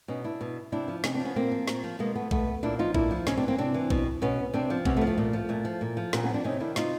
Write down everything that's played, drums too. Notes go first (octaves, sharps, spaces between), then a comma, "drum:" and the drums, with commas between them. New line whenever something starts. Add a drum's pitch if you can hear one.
B2 C#4 D#4
D4 E4
B2
C3 D4 E4
F3
C3 C#4 D#4, drum: snare
C4 D4
F3
B3 C#4
A#2 A#3 C4
F3
A#2, drum: snare
F3
B2 G#3 A#3
A3 B3
B2 A3 B3, drum: kick A#1
A#2 D4 E4
F3 D#4 F4
A#2 D4 E4, drum: kick A#1
F3
C3 C#4 D#4, drum: snare
C4 D4
E3
A#3 C4
C3 C4 D4
E3
B2, drum: kick A#1
B2 B3 C#4
C3 C4 D4
F3
C3 B3 C#4, drum: kick A#1
A3 B3
F3
A3
A#2 A3
F3
A#2 A3
F3
A#2
F3
A#2 B3 C#4, drum: snare
B3 C#4
F3
C4 D4
C3 C#4 D#4
D#3 D4 E4
C3 D#4 F4, drum: snare